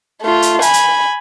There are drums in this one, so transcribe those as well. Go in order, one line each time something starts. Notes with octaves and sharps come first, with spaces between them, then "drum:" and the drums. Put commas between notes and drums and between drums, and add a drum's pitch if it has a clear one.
A3 F4
drum: hi-hat
G#5 B5, drum: hi-hat
drum: hi-hat